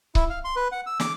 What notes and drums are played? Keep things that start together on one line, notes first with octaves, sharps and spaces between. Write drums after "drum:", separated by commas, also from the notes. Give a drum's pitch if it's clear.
E4, drum: kick C#1
F5
C6
B4
F#5
E6
D6, drum: snare